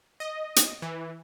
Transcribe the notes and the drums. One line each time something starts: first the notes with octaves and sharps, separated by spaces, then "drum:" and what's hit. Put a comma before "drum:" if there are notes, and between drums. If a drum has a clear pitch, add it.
D#5
drum: hi-hat
E3